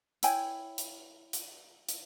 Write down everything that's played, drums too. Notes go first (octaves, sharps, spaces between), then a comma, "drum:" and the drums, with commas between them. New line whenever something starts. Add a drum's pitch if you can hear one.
E4 C#5 G5 G#5, drum: hi-hat
drum: hi-hat
drum: hi-hat
drum: hi-hat